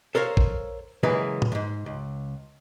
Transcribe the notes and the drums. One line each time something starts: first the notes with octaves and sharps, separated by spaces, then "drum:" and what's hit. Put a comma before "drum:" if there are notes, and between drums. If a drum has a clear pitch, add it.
A4 A#4 C5 C#5 F5
drum: kick A1
C#3 E3 F#3 G#3 A#3 B4
drum: tom
E2 G#2
C#2